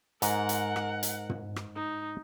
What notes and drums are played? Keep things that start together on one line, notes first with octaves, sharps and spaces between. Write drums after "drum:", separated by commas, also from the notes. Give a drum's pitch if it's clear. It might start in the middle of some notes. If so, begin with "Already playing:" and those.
G#2 A#4 F#5 A#5, drum: hi-hat
drum: hi-hat
drum: rim click
drum: hi-hat
drum: tom
drum: rim click
D#4